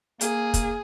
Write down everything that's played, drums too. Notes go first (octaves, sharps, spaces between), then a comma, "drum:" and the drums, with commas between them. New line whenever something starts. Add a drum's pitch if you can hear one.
A#3 G#4, drum: hi-hat
drum: kick, hi-hat